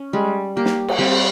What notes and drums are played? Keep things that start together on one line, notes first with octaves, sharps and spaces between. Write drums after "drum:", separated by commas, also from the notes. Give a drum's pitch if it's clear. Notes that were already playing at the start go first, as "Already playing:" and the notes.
Already playing: C#4
G3 G#3
A#3 G4
drum: snare
drum: cymbal
G3 C4